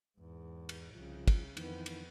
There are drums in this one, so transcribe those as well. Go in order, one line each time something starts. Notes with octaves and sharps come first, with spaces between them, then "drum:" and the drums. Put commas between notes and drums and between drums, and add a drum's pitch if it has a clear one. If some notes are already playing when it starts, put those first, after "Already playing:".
E2 G#2
drum: cymbal
C2 C#3 F3
drum: kick, cymbal
F2 D#3 E3 B3, drum: cymbal
drum: cymbal